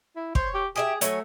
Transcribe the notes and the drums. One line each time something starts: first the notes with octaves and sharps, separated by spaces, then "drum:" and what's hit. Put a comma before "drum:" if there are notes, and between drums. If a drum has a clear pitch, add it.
E4
C5 C#5, drum: kick
G4
G4 G#4 D#5 E5
F#3 A3 C#5 G#5, drum: hi-hat